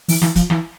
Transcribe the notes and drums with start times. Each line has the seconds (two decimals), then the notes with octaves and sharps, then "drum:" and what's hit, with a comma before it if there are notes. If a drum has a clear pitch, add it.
0.08 E3, drum: open hi-hat
0.22 E3, drum: rim click
0.35 F3, drum: kick, hi-hat
0.50 E3, drum: rim click